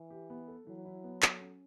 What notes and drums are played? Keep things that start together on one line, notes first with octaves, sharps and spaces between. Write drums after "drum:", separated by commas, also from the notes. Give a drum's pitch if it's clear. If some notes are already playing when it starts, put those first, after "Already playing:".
Already playing: E3
G4
B3
A4
E3 F#3
E4
B3
A4, drum: clap
C#4